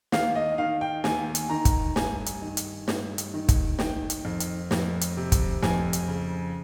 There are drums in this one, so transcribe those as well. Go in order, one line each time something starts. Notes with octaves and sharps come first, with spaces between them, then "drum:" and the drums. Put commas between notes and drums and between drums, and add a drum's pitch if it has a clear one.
D#2 F5, drum: snare
D#5
D#3 F5
G5
D#2 G#5, drum: snare
drum: hi-hat
D#3 A#5
drum: kick, hi-hat
G2 G#5, drum: snare
drum: hi-hat
D#3
drum: hi-hat
G2, drum: snare
drum: hi-hat
D#3
drum: kick, hi-hat
D#3 G5, drum: snare
drum: hi-hat
F2
drum: hi-hat
F2, drum: snare
drum: hi-hat
C3
drum: kick, hi-hat
F2 G#5, drum: snare
drum: hi-hat
C#3